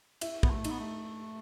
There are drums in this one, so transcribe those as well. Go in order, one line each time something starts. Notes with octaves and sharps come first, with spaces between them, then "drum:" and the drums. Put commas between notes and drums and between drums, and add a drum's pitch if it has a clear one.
E4, drum: cymbal
B3, drum: kick
A3
D#4, drum: cymbal
B3
A3